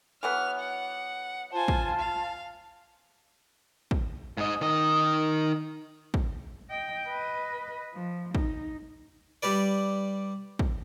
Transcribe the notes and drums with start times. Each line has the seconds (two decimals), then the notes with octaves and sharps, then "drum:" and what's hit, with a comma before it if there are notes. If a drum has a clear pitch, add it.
0.23 E3 F#3 B3 F6
0.59 F#5
1.53 F4 C5 G#5 A5
1.68 drum: kick
1.99 F5
3.91 drum: kick
4.37 G#2 D#5
4.61 D#3 D#5
6.14 drum: kick
6.70 D#5 G5
7.08 B4 D#5
7.94 F3
8.35 D#4, drum: kick
9.43 G3 G4 B4 D5
10.59 drum: kick